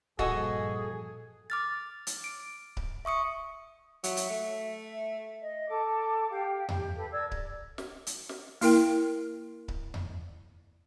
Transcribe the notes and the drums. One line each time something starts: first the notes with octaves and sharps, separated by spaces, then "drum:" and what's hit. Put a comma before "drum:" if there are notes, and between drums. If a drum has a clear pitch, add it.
G2 A#2 F3 F#4 G#4 A4 D#5 G#5, drum: kick C#1
D6 F6 A6
drum: hi-hat
D7
drum: kick C#1
E5 C#6 D#6 C#7
F#3 E5, drum: hi-hat
drum: hi-hat
A3
D#5
A4 D6
G4 F5 G5
G4, drum: tom E2
A4 B4
A#4 D5 E6 G#6
drum: kick C#1
drum: snare
drum: hi-hat
drum: snare
A#3 E4 A#4 G5, drum: open hi-hat
drum: kick C#1
drum: tom E2